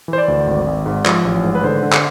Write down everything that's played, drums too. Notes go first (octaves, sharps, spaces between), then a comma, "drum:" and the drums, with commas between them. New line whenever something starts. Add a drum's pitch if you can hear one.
E3
C5
D5
D2
G#1
G#1
G#2
F3, drum: clap
A1
G#2
B4
D3 C5
D3
drum: clap